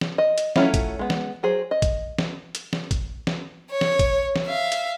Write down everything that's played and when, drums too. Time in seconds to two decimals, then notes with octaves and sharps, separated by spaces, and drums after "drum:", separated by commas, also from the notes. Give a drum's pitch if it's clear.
0.01 drum: snare
0.18 D#5
0.38 drum: hi-hat
0.56 F#3 A3 C#4 E4 F4, drum: snare
0.74 drum: kick A1, hi-hat
0.99 G#3 B3
1.10 drum: snare
1.43 F#3 G#4 C5
1.71 D#5
1.82 drum: kick A1, hi-hat
2.18 drum: snare
2.55 drum: hi-hat
2.73 drum: snare
2.91 drum: kick A1, hi-hat
3.27 drum: snare
3.71 C#5
3.81 drum: snare
3.99 drum: kick A1, hi-hat
4.36 drum: snare
4.47 E5 F5
4.72 drum: hi-hat